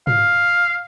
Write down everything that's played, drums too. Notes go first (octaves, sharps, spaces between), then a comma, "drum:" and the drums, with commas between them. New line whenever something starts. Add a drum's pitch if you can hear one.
F5, drum: tom